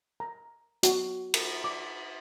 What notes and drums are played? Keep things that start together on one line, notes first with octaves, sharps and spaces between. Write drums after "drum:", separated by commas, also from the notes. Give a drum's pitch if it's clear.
A#5
F#4, drum: hi-hat
drum: cymbal
D6